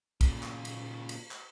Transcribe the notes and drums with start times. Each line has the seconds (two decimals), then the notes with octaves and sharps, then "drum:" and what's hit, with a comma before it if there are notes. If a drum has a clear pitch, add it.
0.21 A#2 C#3, drum: kick, cymbal
0.43 drum: clap
0.65 drum: cymbal
1.09 drum: cymbal
1.31 drum: clap